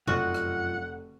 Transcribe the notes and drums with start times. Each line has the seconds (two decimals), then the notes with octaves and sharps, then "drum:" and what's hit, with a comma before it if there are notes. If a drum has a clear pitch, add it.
0.07 F1 F#2 F4 F#4 D#5 F#5, drum: tom C3
0.34 drum: rim click